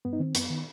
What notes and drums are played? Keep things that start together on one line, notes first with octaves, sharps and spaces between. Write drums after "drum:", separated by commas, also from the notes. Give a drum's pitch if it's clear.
G2 B3
D#4
D#3 C4
F#2 B3, drum: hi-hat
D#3